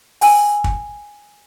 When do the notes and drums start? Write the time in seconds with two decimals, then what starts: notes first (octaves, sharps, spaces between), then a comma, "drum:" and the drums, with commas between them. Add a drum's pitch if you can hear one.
0.21 G5 G#5 E6, drum: open hi-hat
0.64 drum: kick